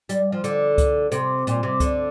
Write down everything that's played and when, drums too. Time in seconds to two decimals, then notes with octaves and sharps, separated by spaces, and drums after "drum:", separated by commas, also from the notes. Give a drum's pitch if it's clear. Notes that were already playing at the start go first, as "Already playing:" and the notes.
0.09 G3, drum: hi-hat
0.32 F3
0.44 D3, drum: hi-hat
0.78 drum: kick C#2, hi-hat
1.12 C3, drum: hi-hat
1.47 A#2, drum: hi-hat
1.63 C3
1.80 D3, drum: kick C#2, hi-hat